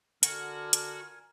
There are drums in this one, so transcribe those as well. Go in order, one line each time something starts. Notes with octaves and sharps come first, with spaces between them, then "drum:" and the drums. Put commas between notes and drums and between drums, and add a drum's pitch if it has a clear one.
D3 F#4 A#4 G#5 F6, drum: hi-hat
drum: hi-hat